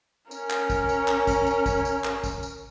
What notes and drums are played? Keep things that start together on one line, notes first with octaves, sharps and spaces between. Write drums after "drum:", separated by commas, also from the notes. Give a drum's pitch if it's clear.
C#4 A#4, drum: tambourine
drum: clap
drum: kick, tambourine
drum: tambourine
drum: clap
drum: kick, tambourine
drum: tambourine
drum: kick, tambourine
drum: tambourine
drum: clap
drum: kick, tambourine
drum: tambourine